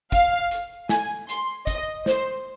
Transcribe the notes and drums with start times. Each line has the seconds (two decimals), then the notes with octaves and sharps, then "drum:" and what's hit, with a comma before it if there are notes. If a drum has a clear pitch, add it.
0.12 F5, drum: kick, hi-hat
0.51 drum: hi-hat
0.89 G#5, drum: snare
1.29 C6, drum: hi-hat
1.67 D#5, drum: kick, hi-hat
2.06 C5, drum: snare